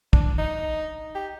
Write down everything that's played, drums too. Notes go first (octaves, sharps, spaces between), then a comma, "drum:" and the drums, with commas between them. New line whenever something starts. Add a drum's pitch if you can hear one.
D4, drum: kick
D#4
G4